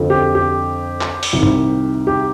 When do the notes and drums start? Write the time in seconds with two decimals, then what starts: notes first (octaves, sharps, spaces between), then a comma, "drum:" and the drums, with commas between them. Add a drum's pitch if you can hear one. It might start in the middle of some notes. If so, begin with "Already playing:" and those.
Already playing: F2 D3 F3
0.10 G4
0.35 G4
1.01 drum: clap
1.23 drum: open hi-hat
1.33 C2 C3 D#3
1.43 drum: tom G2
2.07 G4